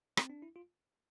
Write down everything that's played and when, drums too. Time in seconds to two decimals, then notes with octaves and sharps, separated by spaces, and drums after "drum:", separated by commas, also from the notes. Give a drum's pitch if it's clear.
0.17 C4, drum: rim click
0.30 D4
0.42 E4
0.56 F4